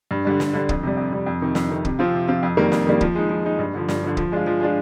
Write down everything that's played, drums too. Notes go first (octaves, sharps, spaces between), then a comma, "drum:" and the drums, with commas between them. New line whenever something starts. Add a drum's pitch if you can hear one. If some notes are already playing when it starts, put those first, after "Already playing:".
G2
D3 G3 D4
G2, drum: snare
D3 G3 D4
F2, drum: kick
C3 G3
F2
C3 G3
F2
C3 D#3
F2, drum: snare
C3 D#3
C3, drum: kick
F3 C4 F4
C3
F3 C4 F4
F2
D#3 G3 A#3
F2, drum: snare
D#3 G3 A#3
F3, drum: kick
G#3 D#4
F3
G#3 D#4
G2
D3 F3
G2, drum: snare
D3 F3
F3, drum: kick
G#3 D4 F4
F3
G#3 D4 F4